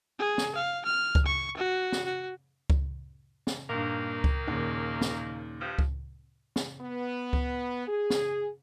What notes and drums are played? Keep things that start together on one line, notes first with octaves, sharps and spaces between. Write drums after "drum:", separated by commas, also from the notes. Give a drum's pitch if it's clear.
G#4
drum: snare
F5
F6
drum: kick C#2
C#6
F#4
drum: snare
F#4
drum: kick C#2
drum: snare
G2 A#2 D#3 A#3
drum: kick C#2
D#2 A#2 C#3
drum: snare
G2 F3
drum: kick C#2
drum: snare
B3
drum: kick C#2
G#4
drum: snare